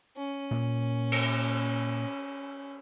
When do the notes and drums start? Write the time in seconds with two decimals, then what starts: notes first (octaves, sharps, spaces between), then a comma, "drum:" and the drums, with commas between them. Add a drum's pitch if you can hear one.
0.17 C#4
0.51 A#2 A#3
1.12 drum: cymbal